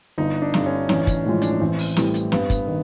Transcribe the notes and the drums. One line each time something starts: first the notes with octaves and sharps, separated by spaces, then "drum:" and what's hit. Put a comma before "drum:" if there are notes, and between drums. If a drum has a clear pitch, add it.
G1 D#4
D4
G2 D3, drum: snare
C#4
A1 C#4, drum: snare
drum: kick, hi-hat
A2 F3 G#3
D4, drum: hi-hat
C#4
A1 C4
drum: open hi-hat
A2 E3 G3, drum: snare
drum: hi-hat
G2 B3, drum: snare
drum: kick, hi-hat
D#3